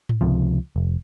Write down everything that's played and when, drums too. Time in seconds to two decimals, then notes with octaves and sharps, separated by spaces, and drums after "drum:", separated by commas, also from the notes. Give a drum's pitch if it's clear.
0.09 drum: tom G#2
0.21 C#2 C3 F3
0.76 F1